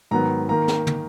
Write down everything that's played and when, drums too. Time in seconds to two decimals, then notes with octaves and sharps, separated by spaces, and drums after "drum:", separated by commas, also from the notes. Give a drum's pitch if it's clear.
0.11 G#2 D#3 F#3 B3 A#5
0.49 D#3 A#3 A#5
0.68 drum: snare
0.87 drum: tom